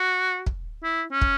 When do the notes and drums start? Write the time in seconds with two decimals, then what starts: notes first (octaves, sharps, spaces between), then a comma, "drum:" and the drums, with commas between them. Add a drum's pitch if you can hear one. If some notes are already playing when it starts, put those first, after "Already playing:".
Already playing: F#4
0.46 drum: kick
0.84 E4
1.12 C#4
1.21 drum: kick